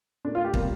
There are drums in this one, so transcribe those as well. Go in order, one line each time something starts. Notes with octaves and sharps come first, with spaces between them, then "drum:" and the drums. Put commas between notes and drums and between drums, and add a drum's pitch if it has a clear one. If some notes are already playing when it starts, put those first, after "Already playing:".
A#2 A3 D4
F4
G4
C3 G3 A#3 A#4, drum: kick